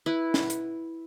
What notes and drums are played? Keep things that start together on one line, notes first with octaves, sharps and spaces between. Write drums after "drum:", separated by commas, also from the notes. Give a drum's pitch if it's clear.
E4 B4
drum: snare
drum: hi-hat